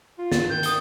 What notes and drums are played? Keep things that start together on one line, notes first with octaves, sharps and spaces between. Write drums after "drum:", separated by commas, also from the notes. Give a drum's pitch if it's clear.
F4
A6, drum: snare
D#3 G6
D#3 D#6 G7, drum: hi-hat